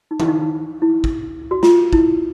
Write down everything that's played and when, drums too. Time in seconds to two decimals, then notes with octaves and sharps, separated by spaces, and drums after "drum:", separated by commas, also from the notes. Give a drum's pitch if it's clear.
0.11 D#4
0.20 E4, drum: tom D#3
0.28 D#4
0.41 D#4
0.82 E4
1.04 drum: kick
1.51 F#4
1.63 F4, drum: snare
1.93 E4, drum: kick